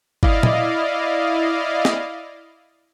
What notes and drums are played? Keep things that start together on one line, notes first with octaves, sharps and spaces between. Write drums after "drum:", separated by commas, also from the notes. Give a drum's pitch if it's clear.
E4 D5 D#5 F5, drum: kick G1
drum: tom A#2
drum: snare